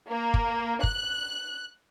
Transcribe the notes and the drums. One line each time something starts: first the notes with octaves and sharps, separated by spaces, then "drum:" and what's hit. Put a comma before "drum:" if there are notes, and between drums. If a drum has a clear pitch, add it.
A#3
drum: kick
F#6, drum: kick